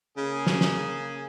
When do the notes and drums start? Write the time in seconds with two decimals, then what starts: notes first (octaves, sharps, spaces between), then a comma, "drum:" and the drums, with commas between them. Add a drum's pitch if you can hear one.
0.18 C#3 A#3 G#4
0.47 drum: snare
0.61 drum: snare